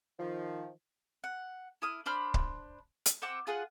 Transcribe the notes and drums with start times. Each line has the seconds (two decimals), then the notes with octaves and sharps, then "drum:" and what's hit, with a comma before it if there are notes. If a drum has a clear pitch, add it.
0.19 D#3 F3
1.24 F#5
1.82 E4 D#6 F6
2.06 D4 C5 B5 F6
2.34 drum: kick C#1
3.06 drum: hi-hat
3.22 C4 F#5 D6 E6
3.47 F4 G#4 F#5